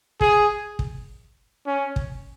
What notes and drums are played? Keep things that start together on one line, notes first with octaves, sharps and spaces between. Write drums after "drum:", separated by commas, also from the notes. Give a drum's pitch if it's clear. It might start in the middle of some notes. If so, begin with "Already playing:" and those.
G#4, drum: kick
drum: kick
C#4
drum: kick